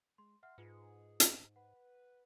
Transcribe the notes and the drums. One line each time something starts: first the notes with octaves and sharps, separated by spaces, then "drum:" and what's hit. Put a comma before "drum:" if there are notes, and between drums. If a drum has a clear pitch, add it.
G#3 C6
E5 F#5 C6 F6
G#2 F4 G#4 B4 C#7
drum: hi-hat
B4 F#5